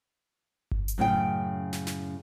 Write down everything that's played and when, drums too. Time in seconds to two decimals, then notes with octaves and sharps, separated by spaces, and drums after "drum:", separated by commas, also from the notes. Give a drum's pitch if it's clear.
0.71 drum: kick G1
0.88 drum: hi-hat
0.98 F#2 A2 C#3 G5
1.73 drum: snare
1.87 drum: snare